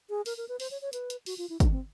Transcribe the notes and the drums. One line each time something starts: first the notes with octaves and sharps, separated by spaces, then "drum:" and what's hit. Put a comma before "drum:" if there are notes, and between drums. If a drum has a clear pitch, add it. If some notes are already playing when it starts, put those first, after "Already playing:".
G#4
A#4, drum: open hi-hat
A#4
B4
C5, drum: open hi-hat
C#5
C#5
B4, drum: hi-hat
drum: hi-hat
F#4, drum: open hi-hat
F4
E4
D4, drum: kick, hi-hat
C4